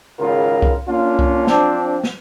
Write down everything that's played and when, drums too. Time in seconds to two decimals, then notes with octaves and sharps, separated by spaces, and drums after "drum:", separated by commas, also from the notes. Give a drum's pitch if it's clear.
0.20 G#1 C#3 F4 A#4
0.62 drum: kick C2
0.88 A#3 C#4 D4 F4
1.19 drum: kick C2
1.47 F3 C4 D4, drum: snare
2.04 drum: snare